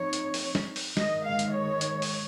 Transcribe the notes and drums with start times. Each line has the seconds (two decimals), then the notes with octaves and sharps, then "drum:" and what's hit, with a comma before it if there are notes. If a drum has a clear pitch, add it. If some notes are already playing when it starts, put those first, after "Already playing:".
Already playing: F3 C4 D#4 C#5
0.13 drum: hi-hat
0.34 drum: open hi-hat
0.55 drum: snare
0.76 drum: open hi-hat
0.97 D#3 G#3 D#4 D#5, drum: snare
1.25 F5
1.39 drum: hi-hat
1.53 C#5
1.81 drum: hi-hat
2.02 drum: open hi-hat